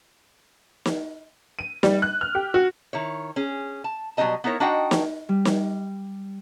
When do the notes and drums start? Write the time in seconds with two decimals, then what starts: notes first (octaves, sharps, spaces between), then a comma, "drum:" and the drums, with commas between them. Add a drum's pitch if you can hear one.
0.86 drum: snare
1.59 D#7
1.83 G3, drum: snare
2.02 F#6
2.21 F6
2.35 G4
2.54 F#4
2.93 D#3 E4 C#5
3.36 C#4 G#4
3.84 A5
4.17 B2 F#3 G3 D#4 D#5 A5
4.44 B3 D#4 E4 A#4 C#5
4.60 D4 D#4 F#4 D#5 F#5 G5
4.91 drum: snare
5.29 G3
5.45 drum: snare